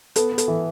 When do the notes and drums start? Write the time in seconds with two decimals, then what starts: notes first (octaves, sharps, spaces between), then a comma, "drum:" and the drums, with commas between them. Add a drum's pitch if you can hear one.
0.16 B3 A4, drum: hi-hat
0.32 B3
0.38 A4, drum: hi-hat
0.48 E3